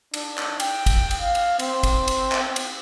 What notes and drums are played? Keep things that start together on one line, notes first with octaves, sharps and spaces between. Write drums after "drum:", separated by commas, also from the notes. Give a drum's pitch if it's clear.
D4, drum: cymbal
drum: clap
G5, drum: cymbal
drum: kick, cymbal
drum: cymbal
F5
drum: cymbal
C4, drum: cymbal
drum: kick, cymbal
drum: cymbal
drum: clap
drum: cymbal